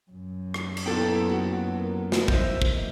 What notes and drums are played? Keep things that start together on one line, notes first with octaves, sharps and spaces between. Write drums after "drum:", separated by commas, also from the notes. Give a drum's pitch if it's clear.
F#2
drum: rim click
drum: cymbal
A#2 B3 E4 F4 A4 G5
A#3 F#4
A#4
drum: snare
C5 D#5 E5, drum: kick
drum: kick